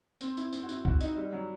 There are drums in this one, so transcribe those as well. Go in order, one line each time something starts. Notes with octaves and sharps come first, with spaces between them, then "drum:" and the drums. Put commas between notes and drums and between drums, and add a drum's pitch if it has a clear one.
C4, drum: tambourine
E4, drum: tambourine
C4, drum: tambourine
F#4
E4, drum: tambourine
F#4, drum: kick
D#4, drum: tambourine
G3
F#3